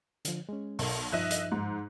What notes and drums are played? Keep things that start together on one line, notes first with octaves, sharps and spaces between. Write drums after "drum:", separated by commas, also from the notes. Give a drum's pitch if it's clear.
D3 F3, drum: hi-hat
G#3 C#4
B1 A4 A#4 E5, drum: open hi-hat
G2 F3 D#4 D#5 E5 F#6
drum: hi-hat
G#2